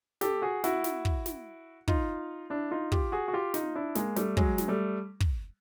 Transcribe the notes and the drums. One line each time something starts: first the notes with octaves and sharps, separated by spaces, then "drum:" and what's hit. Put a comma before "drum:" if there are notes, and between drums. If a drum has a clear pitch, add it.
G4 A4, drum: snare
F#4 G#4
E4 F#4, drum: snare
drum: snare
drum: kick
drum: snare
D#4 F4, drum: kick
D4 E4
D#4 F4
F4 G4, drum: kick
F#4 G#4
F#4
F4 G4
D#4 F4, drum: snare
D4 E4
G#3 A#3, drum: snare
G3 A3, drum: snare
F#3 G#3, drum: kick
drum: snare
G3 A3
drum: kick